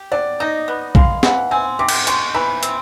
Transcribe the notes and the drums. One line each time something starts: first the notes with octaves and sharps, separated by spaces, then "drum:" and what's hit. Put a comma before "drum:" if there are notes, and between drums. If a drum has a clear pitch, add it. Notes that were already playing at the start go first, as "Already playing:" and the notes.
Already playing: G4
F#3 D5
D#4 D#5
B3
G#3 F5, drum: kick
E3 F#5, drum: snare
C4 G#5
C3 D6
drum: cymbal
G#3 C#6, drum: hi-hat
E3 B5
C4, drum: hi-hat